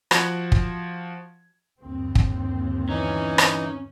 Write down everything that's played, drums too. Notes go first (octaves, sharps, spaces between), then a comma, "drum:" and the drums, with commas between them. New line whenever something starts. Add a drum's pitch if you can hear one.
F3 F#4 F#5 G#6, drum: rim click
drum: kick
G1 D#2 C4
drum: kick
E3 C#4 D#4
drum: rim click